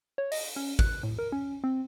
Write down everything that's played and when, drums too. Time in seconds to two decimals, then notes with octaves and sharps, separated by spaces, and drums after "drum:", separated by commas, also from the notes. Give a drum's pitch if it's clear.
0.18 C#5
0.32 D#5, drum: open hi-hat
0.56 C#4
0.79 F#6, drum: kick G#1
1.03 A2
1.19 A#4
1.32 C#4
1.64 C4